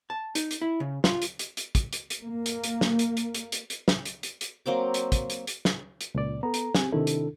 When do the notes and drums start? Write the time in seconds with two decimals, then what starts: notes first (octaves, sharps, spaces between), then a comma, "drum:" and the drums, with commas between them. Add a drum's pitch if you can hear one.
0.10 A5
0.35 D#4, drum: hi-hat
0.51 drum: hi-hat
0.61 E4
0.80 C#3
1.04 F4, drum: snare
1.22 drum: hi-hat
1.39 drum: hi-hat
1.57 drum: hi-hat
1.75 drum: kick, hi-hat
1.93 drum: hi-hat
2.10 drum: hi-hat
2.21 A#3
2.46 drum: hi-hat
2.64 drum: hi-hat
2.81 drum: snare
2.99 drum: hi-hat
3.17 drum: hi-hat
3.35 drum: hi-hat
3.52 drum: hi-hat
3.70 drum: hi-hat
3.88 drum: snare
4.05 drum: hi-hat
4.23 drum: hi-hat
4.41 drum: hi-hat
4.66 F#3 A#3 C4 D6
4.94 drum: hi-hat
5.12 drum: kick, hi-hat
5.30 drum: hi-hat
5.47 drum: hi-hat
5.65 drum: snare
6.01 drum: hi-hat
6.15 C#2 A#2 D5
6.43 B3 A4 A#5
6.54 drum: hi-hat
6.75 C4 G4 G#5, drum: snare
6.92 C3 D#3 D4 E4 A4
7.07 drum: hi-hat